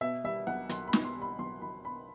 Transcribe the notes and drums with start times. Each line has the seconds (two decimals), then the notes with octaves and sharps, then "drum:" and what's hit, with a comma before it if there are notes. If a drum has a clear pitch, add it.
0.01 B2 E5
0.24 G3 E5
0.47 B1 F#5
0.69 B1 C6, drum: hi-hat
0.88 B5
0.93 B2, drum: snare
1.05 C6
1.16 G3
1.22 B5
1.39 B1 C6
1.62 B1 B5
1.85 B2 B5